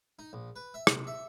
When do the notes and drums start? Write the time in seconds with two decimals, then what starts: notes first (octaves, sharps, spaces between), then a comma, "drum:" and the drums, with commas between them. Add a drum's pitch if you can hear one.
0.19 D#4
0.33 A#1
0.56 B4
0.74 E5
0.87 C3, drum: rim click
1.07 E5